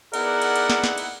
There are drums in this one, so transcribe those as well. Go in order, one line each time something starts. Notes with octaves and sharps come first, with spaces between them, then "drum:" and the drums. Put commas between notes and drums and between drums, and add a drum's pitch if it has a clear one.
B3 D#4 E4 G#4 A#4 D5 F#5, drum: cymbal
drum: cymbal
drum: cymbal
drum: snare
drum: snare
drum: cymbal